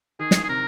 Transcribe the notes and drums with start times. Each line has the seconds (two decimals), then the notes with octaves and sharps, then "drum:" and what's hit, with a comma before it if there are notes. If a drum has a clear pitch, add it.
0.19 D#3 G#4
0.31 drum: snare
0.43 G#4
0.49 C3 A#4